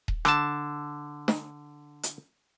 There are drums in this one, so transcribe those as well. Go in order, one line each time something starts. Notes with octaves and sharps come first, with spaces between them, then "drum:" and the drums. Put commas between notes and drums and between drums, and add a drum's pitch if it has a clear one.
drum: kick D#1
D3 A5, drum: rim click
drum: snare
drum: hi-hat